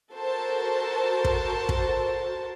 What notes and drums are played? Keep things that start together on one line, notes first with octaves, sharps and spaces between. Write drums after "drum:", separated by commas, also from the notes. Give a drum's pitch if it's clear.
F#4 A4 A#4 C5 A5
drum: kick
drum: kick